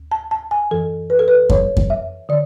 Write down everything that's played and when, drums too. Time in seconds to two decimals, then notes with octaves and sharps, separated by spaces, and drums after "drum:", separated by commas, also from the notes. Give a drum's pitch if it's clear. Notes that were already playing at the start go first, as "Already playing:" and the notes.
Already playing: D2
0.11 A5
0.31 A5
0.51 G#5
0.71 F#2 E3 A4
1.10 B4
1.19 A4
1.28 B4
1.50 C#5, drum: kick F#2
1.77 drum: kick F#2
1.90 E5
2.29 D3 D5